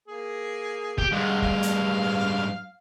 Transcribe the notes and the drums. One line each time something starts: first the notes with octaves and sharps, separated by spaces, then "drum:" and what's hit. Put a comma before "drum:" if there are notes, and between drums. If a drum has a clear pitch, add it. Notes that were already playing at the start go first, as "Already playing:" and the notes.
A#3 G#4
G4, drum: kick F1
G2 G#3 F5 F#5
F5, drum: kick F1
drum: hi-hat